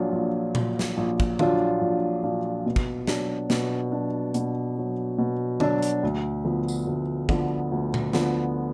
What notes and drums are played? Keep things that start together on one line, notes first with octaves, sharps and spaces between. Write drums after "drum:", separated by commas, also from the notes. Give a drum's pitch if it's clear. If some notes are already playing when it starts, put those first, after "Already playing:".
Already playing: A#1 A#2 F#3 D4 F4
A#1
A#2 F#3 D4 F4, drum: tom A#2
drum: snare
A#1
drum: kick
A#2 F#3 D4 F4, drum: tom D3
A#1
A#2 F#3 D4 F4
B2
drum: kick
F#3 D4, drum: snare
B2, drum: snare
F#3 D4
B2, drum: hi-hat
F#3 D4
B2
F#3 D4, drum: tom D3
drum: hi-hat
D2
D3 F3 B3
drum: tambourine
D2
D3 F3 B3, drum: kick
D2
drum: tom A#2
D3 F3 B3, drum: snare